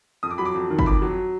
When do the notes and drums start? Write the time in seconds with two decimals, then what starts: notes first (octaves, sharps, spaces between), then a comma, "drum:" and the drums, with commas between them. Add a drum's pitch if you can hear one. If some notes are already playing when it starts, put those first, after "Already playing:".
0.23 F2 D#6
0.31 D6
0.38 F#3 B5
0.45 D6
0.55 F2
0.70 D#3
0.79 B5, drum: kick
0.86 F2 D6
1.02 F#3